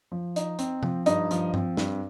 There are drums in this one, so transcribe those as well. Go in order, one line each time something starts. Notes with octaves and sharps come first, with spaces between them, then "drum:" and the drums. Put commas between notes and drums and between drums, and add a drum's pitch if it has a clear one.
F3
D#4, drum: hi-hat
C4, drum: hi-hat
F3, drum: tom
G2 D#4, drum: hi-hat
F3, drum: hi-hat
C4, drum: tom G2
G2, drum: snare